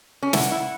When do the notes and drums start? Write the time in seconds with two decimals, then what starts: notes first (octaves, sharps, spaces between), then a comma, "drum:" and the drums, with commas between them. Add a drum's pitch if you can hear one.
0.23 C#4
0.33 E4 F#5, drum: snare
0.51 E4